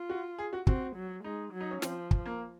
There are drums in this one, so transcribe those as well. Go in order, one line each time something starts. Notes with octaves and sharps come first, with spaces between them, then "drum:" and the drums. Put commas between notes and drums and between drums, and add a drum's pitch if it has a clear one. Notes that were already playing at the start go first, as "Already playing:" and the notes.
Already playing: F4
F#4
G#4
F#4
C4 F#4, drum: kick
F#3
G#3 D#4
F#3
D#4
C#4
F3 C4, drum: snare
drum: kick
A#3